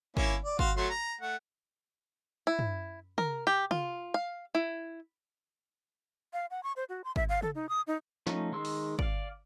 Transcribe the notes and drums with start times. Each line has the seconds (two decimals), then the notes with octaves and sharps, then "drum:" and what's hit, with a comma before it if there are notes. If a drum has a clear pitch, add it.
0.17 A#3 C#4 E4, drum: kick
0.44 D5
0.59 F#4 F5 C6, drum: kick
0.77 F#3 A3 C6
0.90 A#5
1.21 A3 F#5
2.47 E4
2.59 drum: tom
3.18 A#4, drum: tom
3.47 G4
3.71 F4, drum: tom
4.14 F5
4.55 E4
6.33 F5
6.51 F#5
6.63 C#6
6.76 C5
6.89 F#4
7.04 C6
7.16 E5, drum: kick
7.29 F5
7.42 A4, drum: tom
7.55 D#4
7.69 D#6
7.87 D#4
8.27 F3 A3 C#4 D#4, drum: snare
8.52 D#3 G#3 C6 E6
8.65 drum: open hi-hat
8.99 D5 F5, drum: kick